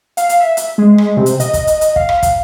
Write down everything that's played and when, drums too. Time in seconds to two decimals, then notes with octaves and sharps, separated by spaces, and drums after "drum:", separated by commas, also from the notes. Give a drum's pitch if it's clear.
0.17 F5, drum: hi-hat
0.29 drum: hi-hat
0.40 E5
0.57 drum: hi-hat
0.78 G#3
0.98 drum: rim click
1.17 C3
1.26 drum: hi-hat
1.40 D#5, drum: hi-hat
1.54 drum: kick, hi-hat
1.67 drum: hi-hat
1.81 drum: hi-hat
1.96 F5, drum: kick
2.09 drum: rim click
2.23 drum: kick, hi-hat